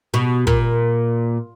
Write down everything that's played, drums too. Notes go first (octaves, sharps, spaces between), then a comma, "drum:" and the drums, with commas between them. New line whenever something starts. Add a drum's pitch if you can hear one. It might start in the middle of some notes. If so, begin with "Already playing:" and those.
B2
A#2, drum: kick